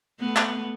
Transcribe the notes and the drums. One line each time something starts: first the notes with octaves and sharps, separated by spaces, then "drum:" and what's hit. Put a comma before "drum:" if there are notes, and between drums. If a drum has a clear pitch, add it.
A3 B3
drum: clap